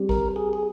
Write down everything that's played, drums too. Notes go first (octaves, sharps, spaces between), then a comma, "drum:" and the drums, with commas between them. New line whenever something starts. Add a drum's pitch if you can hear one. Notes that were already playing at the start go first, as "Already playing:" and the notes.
Already playing: G3 C4 G4
A#4, drum: kick A#1
G#4
G#4